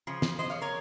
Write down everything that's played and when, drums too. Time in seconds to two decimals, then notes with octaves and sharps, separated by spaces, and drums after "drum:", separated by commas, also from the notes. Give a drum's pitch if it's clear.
0.07 C#3 F3
0.22 drum: snare
0.38 C5 D#5
0.50 C#5 F5
0.61 A#4 C#5